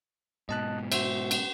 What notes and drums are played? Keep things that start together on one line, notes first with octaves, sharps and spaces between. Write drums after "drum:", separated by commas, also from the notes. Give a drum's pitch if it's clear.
G#2 B2 D#5 A5 F#6
F#4 C5 E5, drum: cymbal
drum: cymbal